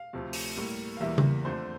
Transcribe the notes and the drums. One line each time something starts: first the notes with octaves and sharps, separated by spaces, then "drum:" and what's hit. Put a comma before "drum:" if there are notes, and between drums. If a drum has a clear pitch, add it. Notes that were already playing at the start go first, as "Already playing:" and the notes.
Already playing: F5
D2 C3 F3 A3
drum: open hi-hat
A2 G3 A#3
F5
E2 E3 G3 A#3 E5
drum: tom C#3
F2 D3 F3 A3 C5